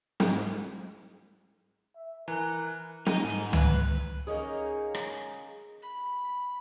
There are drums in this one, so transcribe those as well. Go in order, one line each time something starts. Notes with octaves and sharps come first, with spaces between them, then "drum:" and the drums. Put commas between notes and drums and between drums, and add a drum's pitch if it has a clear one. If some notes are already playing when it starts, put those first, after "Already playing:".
G#2, drum: snare
E5
E3 A#4 G#5 A#5 F#6
D#4, drum: snare
G#2
B4, drum: tom C#2
A#3 C#4 D#4 G#4
drum: rim click
B5